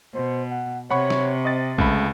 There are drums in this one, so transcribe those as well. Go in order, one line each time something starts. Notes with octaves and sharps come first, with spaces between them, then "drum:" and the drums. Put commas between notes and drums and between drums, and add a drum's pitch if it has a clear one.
B2 C5
F#5
C3 C#5 F#5 B5 C#6
drum: snare
C4 D#5 A6
C#2 A3 B5, drum: kick A#1